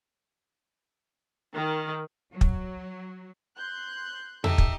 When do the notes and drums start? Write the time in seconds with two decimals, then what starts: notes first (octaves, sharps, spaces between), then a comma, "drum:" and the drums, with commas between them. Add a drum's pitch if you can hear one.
1.52 D#3
2.32 F#3
2.41 drum: kick
3.59 C6 F#6 G6
4.44 D#4 G4 A4 E5, drum: tom E2
4.58 drum: kick